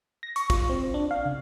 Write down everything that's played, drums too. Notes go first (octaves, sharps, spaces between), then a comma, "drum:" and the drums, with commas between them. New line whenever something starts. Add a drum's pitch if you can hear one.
A#6
C#6, drum: hi-hat
F4, drum: kick, hi-hat
C4
D4
F5
C#3